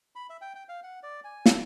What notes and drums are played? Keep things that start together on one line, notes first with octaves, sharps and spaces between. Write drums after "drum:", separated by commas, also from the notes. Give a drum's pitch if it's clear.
B5
E5
G5
G5
F5
F#5
D5
G#5
A4, drum: snare